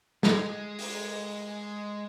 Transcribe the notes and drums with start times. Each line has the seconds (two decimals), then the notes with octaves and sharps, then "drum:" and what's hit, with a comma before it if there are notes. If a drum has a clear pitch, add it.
0.23 G#3, drum: snare
0.79 drum: open hi-hat